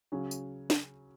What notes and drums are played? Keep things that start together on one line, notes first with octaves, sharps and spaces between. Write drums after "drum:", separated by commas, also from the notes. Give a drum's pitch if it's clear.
C#3 F#3 C#4
drum: tambourine
drum: snare